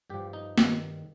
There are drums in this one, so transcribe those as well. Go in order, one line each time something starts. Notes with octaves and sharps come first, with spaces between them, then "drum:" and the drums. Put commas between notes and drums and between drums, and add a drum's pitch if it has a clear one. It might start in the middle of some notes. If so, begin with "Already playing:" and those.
G2 F3 G4
D#4
G2 D#3, drum: snare